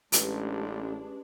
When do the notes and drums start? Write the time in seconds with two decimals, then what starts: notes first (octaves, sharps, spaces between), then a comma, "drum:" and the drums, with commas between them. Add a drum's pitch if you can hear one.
0.12 A1 G#3 C#4 D4 G4 B4, drum: hi-hat